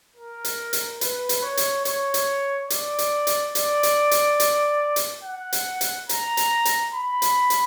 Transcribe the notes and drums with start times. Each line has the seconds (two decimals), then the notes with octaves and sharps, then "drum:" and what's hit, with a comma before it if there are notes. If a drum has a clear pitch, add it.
0.16 A#4
0.45 drum: hi-hat
0.73 drum: hi-hat
1.01 B4, drum: hi-hat
1.29 drum: hi-hat
1.43 C#5
1.57 drum: hi-hat
1.85 C#5, drum: hi-hat
2.14 drum: hi-hat
2.70 D5, drum: hi-hat
2.99 drum: hi-hat
3.27 drum: hi-hat
3.55 D5, drum: hi-hat
3.83 drum: hi-hat
4.11 drum: hi-hat
4.40 drum: hi-hat
4.96 drum: hi-hat
5.24 F#5
5.53 drum: hi-hat
5.81 drum: hi-hat
6.09 A#5, drum: hi-hat
6.37 drum: hi-hat
6.65 drum: hi-hat
6.94 B5
7.22 drum: hi-hat
7.50 drum: hi-hat